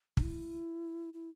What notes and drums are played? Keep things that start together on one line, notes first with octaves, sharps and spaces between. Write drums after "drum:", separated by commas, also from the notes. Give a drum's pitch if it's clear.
D4, drum: kick
E4
E4